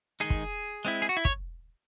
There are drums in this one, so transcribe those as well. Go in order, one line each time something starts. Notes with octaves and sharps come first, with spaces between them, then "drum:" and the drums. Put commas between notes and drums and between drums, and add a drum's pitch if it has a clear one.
D#3 G#3 D#4 G#4
drum: kick
G#3 C4 E4
G#4
F#4
E4
C#5, drum: kick